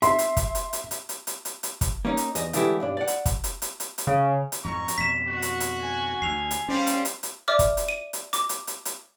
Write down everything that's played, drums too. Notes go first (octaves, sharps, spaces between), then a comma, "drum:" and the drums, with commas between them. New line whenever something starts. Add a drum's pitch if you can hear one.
E5 C6, drum: hi-hat
drum: hi-hat
drum: kick, hi-hat
drum: hi-hat
drum: hi-hat
drum: hi-hat
drum: hi-hat
drum: hi-hat
drum: hi-hat
drum: hi-hat
drum: kick, hi-hat
A#3 C#4 D#4
drum: hi-hat
E2 D#5, drum: hi-hat
D3 E3 G#3 A3 E4 G4, drum: hi-hat
B1 G2 D4
D5 F#5
drum: hi-hat
drum: kick, hi-hat
drum: hi-hat
drum: hi-hat
drum: hi-hat
drum: hi-hat
C#3
drum: hi-hat
F2 G#2 A#5 C#6
drum: hi-hat
F2 B2 B6 E7
F#4
drum: hi-hat
drum: hi-hat
G#5
D2 C7 F7
drum: hi-hat
G3 C#4 C5 F5
drum: hi-hat
drum: hi-hat
drum: hi-hat
D5 E5 D6 F6
drum: kick, hi-hat
drum: hi-hat
D#7
drum: hi-hat
D6, drum: hi-hat
drum: hi-hat
drum: hi-hat
drum: hi-hat